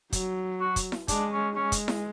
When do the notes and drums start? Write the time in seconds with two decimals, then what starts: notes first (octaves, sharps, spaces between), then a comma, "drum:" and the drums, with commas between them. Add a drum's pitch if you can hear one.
0.12 F#3, drum: kick, hi-hat
0.60 F#4
0.76 drum: kick, hi-hat
0.92 drum: snare E4
1.08 G#3 D4, drum: kick, hi-hat
1.32 C#4
1.55 G#3 C#4
1.72 drum: kick, hi-hat
1.88 drum: snare E4